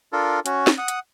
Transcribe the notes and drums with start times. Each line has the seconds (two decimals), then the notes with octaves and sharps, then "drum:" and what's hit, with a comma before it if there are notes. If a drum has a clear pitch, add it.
0.13 D4 F4 A4 A#4
0.46 C#4 F#4, drum: hi-hat
0.67 drum: snare
0.78 F#5 D#6
0.88 drum: hi-hat